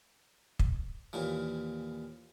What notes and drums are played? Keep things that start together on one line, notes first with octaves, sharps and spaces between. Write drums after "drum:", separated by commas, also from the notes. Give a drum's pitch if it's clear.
drum: kick
D#2 A#2 E3